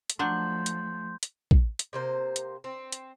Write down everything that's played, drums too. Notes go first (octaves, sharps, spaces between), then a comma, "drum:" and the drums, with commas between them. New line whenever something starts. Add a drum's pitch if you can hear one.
drum: hi-hat
F3 F#3 A3 D4 C6 G6
drum: hi-hat
drum: hi-hat
drum: kick
drum: hi-hat
C3 A#3 C5
drum: hi-hat
C4
drum: hi-hat